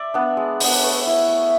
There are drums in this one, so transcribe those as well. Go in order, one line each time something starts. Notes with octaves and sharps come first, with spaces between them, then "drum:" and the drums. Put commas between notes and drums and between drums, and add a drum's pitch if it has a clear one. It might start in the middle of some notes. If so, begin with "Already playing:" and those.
Already playing: D5 E5
B3 D4
G#3
B3 D4, drum: open hi-hat
B4
A3 C#5
E4
A3